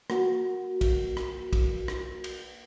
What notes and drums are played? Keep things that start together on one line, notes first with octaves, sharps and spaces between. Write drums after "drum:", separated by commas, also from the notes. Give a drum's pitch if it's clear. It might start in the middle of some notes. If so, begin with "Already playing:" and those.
A#3 F#4 A#4, drum: rim click
drum: kick, cymbal
drum: rim click
drum: kick, cymbal
drum: rim click
drum: cymbal